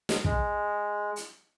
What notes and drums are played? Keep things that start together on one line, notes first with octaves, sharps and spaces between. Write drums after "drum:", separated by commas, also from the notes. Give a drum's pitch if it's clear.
drum: snare
G#3, drum: kick
drum: hi-hat